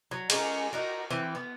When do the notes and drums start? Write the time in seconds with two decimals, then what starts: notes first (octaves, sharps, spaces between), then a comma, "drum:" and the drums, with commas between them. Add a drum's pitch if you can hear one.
0.11 F#3
0.30 G#3 C#4 A#4, drum: cymbal
0.73 D#4 F#4 A#4
1.10 E3 C4
1.35 B3